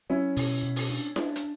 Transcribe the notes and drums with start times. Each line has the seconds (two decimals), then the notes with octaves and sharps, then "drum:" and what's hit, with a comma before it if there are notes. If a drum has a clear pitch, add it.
0.09 F#3 C#4 E4
0.36 B2, drum: open hi-hat
0.63 B2
0.76 drum: open hi-hat
0.90 D4
1.16 D4, drum: snare E4
1.36 drum: hi-hat